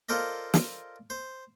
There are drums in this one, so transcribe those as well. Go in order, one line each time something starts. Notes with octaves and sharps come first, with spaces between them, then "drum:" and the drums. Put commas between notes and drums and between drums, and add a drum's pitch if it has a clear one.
F4 A4 A#4 C5 D5 D#5
drum: snare
C5